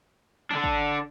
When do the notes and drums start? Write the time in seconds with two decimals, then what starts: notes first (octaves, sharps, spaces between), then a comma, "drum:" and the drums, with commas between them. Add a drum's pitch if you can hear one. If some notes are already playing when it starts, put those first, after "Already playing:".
0.51 D3 D4, drum: tom C3
0.64 drum: kick